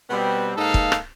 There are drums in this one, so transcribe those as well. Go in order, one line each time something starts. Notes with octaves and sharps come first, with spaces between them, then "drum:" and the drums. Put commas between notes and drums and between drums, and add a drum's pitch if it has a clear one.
B2 G3 B3 C4
G#2 A#3 D#4 A4 F5
drum: kick
drum: rim click